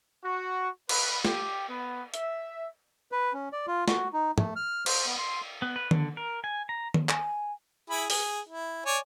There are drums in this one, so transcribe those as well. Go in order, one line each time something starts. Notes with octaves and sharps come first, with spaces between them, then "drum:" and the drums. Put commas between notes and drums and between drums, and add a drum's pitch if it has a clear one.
F#4
B4, drum: cymbal
G4, drum: snare
B3
E5, drum: hi-hat
B4
C#4
D5
F4
F#4, drum: snare
D#4
A3, drum: tom
F6
C5, drum: cymbal
B3
C6
B3
B4
D3, drum: tom
A#4
G#5
A#5
drum: tom
G#5, drum: clap
E4 G#4 B5
G#4, drum: open hi-hat
E4
C#5 D5 G#5